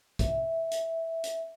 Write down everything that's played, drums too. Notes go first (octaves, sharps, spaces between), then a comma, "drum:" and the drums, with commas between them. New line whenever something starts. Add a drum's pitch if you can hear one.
E5, drum: kick, hi-hat
drum: hi-hat
drum: hi-hat